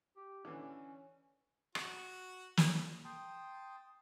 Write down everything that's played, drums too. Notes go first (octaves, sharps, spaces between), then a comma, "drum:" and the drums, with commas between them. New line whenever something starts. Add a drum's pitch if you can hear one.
G4
D3 E3 C#4
F#4, drum: rim click
drum: snare
G5 A5 C6 D#6